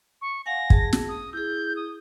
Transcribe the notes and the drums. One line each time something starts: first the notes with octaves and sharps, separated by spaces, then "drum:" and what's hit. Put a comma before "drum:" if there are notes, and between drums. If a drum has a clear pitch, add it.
C#6
F5 F#5 G#5 A#6
G#4 A5, drum: kick
drum: snare
D#6
E4 G#4 G6
D#6